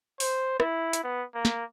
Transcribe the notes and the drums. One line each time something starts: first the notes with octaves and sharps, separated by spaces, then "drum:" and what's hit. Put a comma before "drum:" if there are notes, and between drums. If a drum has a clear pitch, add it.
C5, drum: open hi-hat
E4, drum: rim click
drum: hi-hat
B3
A#3
drum: snare